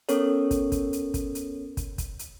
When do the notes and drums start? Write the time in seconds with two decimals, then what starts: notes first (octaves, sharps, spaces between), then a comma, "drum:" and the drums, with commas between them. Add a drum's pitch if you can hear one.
0.09 B3 C#4 A4 A#4 C#5, drum: hi-hat
0.51 drum: kick, hi-hat
0.72 drum: kick, hi-hat
0.93 drum: hi-hat
1.14 drum: kick, hi-hat
1.35 drum: hi-hat
1.77 drum: kick, hi-hat
1.98 drum: kick, hi-hat
2.19 drum: hi-hat